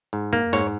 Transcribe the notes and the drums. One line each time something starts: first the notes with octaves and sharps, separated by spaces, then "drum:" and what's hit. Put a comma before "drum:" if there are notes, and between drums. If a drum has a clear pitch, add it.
G#2
A#3, drum: tom
G#2 C#5, drum: hi-hat